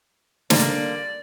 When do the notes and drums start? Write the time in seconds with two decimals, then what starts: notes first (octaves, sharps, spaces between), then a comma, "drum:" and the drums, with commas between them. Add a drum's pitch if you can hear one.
0.50 D3 G3 A#3 D5, drum: snare